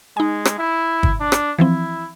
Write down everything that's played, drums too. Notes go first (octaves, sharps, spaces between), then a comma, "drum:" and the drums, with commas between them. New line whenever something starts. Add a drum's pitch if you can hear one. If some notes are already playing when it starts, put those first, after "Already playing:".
G#3 D#4 G#5
drum: rim click
E4
drum: kick
D4
drum: rim click
E3 F3 C4 E4